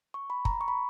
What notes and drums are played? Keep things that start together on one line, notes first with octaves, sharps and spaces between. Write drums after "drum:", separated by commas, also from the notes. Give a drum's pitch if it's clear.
C#6
B5
A#5, drum: kick
C#6
B5